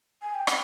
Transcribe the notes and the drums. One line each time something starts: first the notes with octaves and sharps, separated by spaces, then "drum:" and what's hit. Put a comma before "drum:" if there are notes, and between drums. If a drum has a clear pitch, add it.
G#5
G5
F#5, drum: rim click